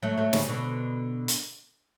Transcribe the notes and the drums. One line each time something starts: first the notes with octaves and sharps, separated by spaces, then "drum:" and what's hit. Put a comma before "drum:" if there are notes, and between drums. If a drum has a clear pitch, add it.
F#3 A3
F#3 A3
C#3, drum: snare
B2 D3
drum: hi-hat